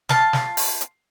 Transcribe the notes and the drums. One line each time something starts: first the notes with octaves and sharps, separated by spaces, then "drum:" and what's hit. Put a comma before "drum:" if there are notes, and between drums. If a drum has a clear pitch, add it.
F4 A5, drum: snare
drum: snare
drum: open hi-hat
drum: hi-hat